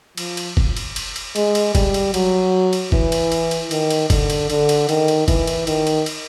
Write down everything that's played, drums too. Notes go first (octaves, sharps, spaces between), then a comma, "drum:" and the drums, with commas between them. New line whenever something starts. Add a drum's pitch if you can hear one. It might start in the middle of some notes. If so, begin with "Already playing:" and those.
F3, drum: cymbal
drum: cymbal
drum: kick F#1
drum: cymbal
drum: cymbal
drum: cymbal
G#3, drum: cymbal
drum: cymbal
G3, drum: kick F#1, cymbal
drum: cymbal
F#3, drum: cymbal
drum: cymbal
E3, drum: kick F#1
drum: cymbal
drum: cymbal
drum: cymbal
D#3, drum: cymbal
drum: cymbal
D3, drum: kick F#1, cymbal
drum: cymbal
D3, drum: cymbal
drum: cymbal
D#3, drum: cymbal
drum: cymbal
E3, drum: kick F#1, cymbal
drum: cymbal
D#3, drum: cymbal
drum: cymbal
drum: cymbal